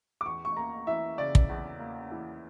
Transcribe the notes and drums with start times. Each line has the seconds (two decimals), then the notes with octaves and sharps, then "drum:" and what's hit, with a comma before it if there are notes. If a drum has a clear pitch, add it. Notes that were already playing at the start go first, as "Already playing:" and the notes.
0.21 D6
0.25 E2 C#6
0.45 C#6
0.57 A#3 A#5
0.87 E3 E5
1.18 C#3 D5
1.35 drum: kick
1.49 E2
1.79 A#3
2.12 E3